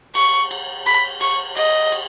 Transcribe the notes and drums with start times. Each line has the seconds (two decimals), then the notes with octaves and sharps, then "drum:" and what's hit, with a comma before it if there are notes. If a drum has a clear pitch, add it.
0.15 C#6, drum: cymbal
0.51 drum: cymbal
0.86 B5, drum: cymbal
1.21 C#6, drum: cymbal
1.57 D#5, drum: cymbal
1.92 drum: cymbal